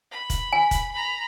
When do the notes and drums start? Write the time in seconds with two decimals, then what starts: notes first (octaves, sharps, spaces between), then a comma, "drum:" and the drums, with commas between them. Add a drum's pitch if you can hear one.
0.12 B5
0.30 drum: kick, hi-hat
0.53 G#5
0.71 drum: kick, hi-hat
0.92 A#5 B5